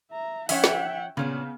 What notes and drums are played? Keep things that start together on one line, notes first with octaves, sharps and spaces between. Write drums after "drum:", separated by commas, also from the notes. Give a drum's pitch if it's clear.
E5 A#5
F3 C#4 C#5 E5 F#5 G5, drum: open hi-hat
drum: snare
A#2 C#3 B3 C#4 D4